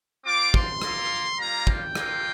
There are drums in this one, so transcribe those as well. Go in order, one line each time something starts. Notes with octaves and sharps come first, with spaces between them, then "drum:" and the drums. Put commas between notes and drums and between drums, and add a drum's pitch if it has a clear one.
C4 F4 D6
C6, drum: kick
A#3 F4, drum: rim click
G3 A#3 F4 A#5
G5, drum: kick
A#3 F4, drum: rim click